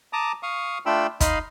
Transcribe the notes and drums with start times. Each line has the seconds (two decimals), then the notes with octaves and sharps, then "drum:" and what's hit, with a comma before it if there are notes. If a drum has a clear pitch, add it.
0.13 A5 A#5 D6 D#6
0.43 F5 C#6 D#6
0.86 A3 D4 F4 G5 B5 E6
1.20 D#4 D#5 F5 B5 C6, drum: kick, hi-hat